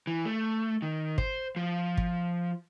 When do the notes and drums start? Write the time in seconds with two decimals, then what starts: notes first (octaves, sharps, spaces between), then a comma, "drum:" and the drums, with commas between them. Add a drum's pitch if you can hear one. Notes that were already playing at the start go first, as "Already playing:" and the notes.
0.07 E3
0.25 A3
0.82 D#3
1.18 C5, drum: kick
1.56 F3
1.97 drum: kick